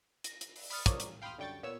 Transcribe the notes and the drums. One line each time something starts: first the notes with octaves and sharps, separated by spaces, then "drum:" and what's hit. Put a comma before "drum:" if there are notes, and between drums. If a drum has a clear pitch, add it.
A#6, drum: hi-hat
drum: hi-hat
drum: open hi-hat
B5 D#6 F6 A6 C#7, drum: open hi-hat
F3 A#4 C#5 D5 D#6, drum: kick, hi-hat
drum: hi-hat
F5 G5 B5 C6 D#6 F6
F#2 D3 G3 G5 C#6 A6
A#2 B3 C#5 E6